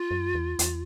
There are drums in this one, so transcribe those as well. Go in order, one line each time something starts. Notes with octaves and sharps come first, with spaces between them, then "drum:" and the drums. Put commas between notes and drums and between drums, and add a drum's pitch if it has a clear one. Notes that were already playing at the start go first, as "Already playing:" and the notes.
Already playing: F4
F#2
E2
E2, drum: hi-hat